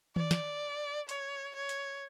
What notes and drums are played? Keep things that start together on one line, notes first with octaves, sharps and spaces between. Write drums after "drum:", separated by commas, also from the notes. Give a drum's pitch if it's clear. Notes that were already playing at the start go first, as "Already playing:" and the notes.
D5, drum: tom D#3
drum: snare
C#5, drum: hi-hat
C#5
drum: hi-hat